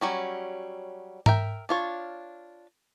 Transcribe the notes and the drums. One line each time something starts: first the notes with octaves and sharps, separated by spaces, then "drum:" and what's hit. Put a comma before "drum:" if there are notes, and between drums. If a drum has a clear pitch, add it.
F#3 G3 C#4
A#4 E5 G5, drum: tom G#2
D4 F4 C#5